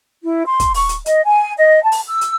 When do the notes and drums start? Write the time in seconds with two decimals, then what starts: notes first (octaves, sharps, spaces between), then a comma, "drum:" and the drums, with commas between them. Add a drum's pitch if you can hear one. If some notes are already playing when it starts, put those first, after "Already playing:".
0.23 E4
0.46 C6
0.60 drum: kick, hi-hat
0.74 C#6, drum: open hi-hat
0.89 drum: hi-hat
1.06 D#5, drum: hi-hat
1.25 G#5
1.56 D#5
1.83 A5
1.92 drum: open hi-hat
2.08 E6
2.21 drum: hi-hat